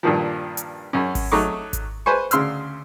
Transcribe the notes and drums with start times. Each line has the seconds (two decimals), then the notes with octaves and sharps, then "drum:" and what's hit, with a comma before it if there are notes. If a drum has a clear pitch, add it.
0.03 G2 A#2 D#3 F3
0.57 drum: hi-hat
0.93 F#2 C#4
1.15 drum: kick G#1, open hi-hat
1.32 F#3 A3 D#4 C#6 D6
1.73 drum: kick G#1, hi-hat
2.06 B4 C5 G#5 C#6
2.31 D2 C#3 C6 E6 F6, drum: hi-hat